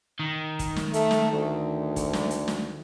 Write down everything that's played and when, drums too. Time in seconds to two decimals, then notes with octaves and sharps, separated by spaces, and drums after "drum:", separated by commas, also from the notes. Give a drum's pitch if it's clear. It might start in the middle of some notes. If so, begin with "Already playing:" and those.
0.19 D#3
0.59 drum: kick, hi-hat
0.76 drum: snare
0.94 A3, drum: hi-hat
1.11 drum: snare
1.33 D2
1.96 drum: kick, hi-hat
2.13 drum: snare
2.30 drum: hi-hat
2.48 drum: snare